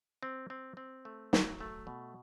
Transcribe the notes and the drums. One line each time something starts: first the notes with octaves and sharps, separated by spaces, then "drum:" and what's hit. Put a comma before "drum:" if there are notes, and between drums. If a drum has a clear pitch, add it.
C4
C4
C4
A3
F#3, drum: snare
A3
B2